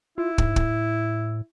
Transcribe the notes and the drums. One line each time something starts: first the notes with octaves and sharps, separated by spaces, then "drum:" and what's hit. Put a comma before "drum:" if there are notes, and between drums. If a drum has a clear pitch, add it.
E4 F4
G#2, drum: kick
A2, drum: kick